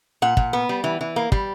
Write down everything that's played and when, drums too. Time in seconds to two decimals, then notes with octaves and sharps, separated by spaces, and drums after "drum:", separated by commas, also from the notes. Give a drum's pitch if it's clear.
0.22 A#2 F#5
0.37 A#2, drum: kick
0.53 B3
0.69 G3
0.84 E3
1.01 E3
1.16 A#3
1.32 G3, drum: kick